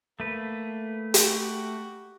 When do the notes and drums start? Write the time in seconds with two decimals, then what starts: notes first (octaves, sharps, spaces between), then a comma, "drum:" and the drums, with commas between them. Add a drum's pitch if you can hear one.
0.20 A3 A#3 B4
1.14 F#4 G4, drum: hi-hat